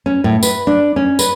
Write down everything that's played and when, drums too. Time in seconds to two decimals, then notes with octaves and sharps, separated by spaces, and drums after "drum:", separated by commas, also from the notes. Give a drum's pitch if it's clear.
0.06 C#4
0.24 A2
0.43 B4, drum: tambourine
0.67 D4
0.96 C#4
1.19 B4, drum: tambourine